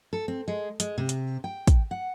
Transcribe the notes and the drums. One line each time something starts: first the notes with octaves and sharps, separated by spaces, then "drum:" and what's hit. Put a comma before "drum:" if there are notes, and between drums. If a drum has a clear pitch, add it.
A4
C4
G#3
G#3, drum: hi-hat
C3
drum: hi-hat
G5
drum: kick, hi-hat
F#5